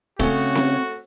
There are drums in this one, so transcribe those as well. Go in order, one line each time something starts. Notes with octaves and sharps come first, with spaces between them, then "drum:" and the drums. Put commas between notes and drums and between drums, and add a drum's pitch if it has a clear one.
C#3 A3 C4 C#4 F#4, drum: kick
drum: snare C4